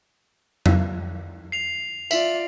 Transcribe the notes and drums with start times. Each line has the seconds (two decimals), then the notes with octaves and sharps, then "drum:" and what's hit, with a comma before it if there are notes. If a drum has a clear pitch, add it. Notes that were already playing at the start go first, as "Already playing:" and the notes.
0.66 drum: tom F2
1.52 C7 F7
2.11 F4 D5 E5 F#7, drum: tambourine